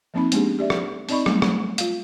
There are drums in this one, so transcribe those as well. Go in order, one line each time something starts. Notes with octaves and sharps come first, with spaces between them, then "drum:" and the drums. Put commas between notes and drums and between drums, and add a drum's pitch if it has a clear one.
F3 A#3 C4 D#4 B5
G#3 A#3 B3 D4 G4 G#4, drum: hi-hat
G4 D5 E5
drum: rim click
C4 D#4 D5 D#5 B5 C#6, drum: open hi-hat
F#3 G3 A3 B3, drum: rim click
drum: rim click
F4 F5, drum: hi-hat